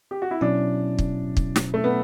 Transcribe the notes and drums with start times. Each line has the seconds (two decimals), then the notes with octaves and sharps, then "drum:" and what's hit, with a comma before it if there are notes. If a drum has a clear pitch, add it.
0.11 G4
0.22 F#4
0.31 E4
0.41 B2 F#3 C#4 D4 E4
0.99 drum: kick
1.37 drum: kick
1.56 drum: snare
1.74 A3
1.84 B3